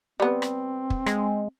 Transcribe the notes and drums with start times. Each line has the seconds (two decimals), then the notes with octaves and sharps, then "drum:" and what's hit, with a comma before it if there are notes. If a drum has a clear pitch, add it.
0.20 G3 B3 C4
0.42 drum: rim click
0.90 drum: kick
1.06 G#3, drum: rim click